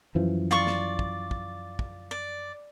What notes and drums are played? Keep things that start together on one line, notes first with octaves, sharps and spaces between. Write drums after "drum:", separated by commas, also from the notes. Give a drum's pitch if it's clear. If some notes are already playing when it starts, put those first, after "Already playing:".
F#2 E3 F3
F4 D5 C#6
drum: snare
drum: kick
drum: kick
drum: kick
D5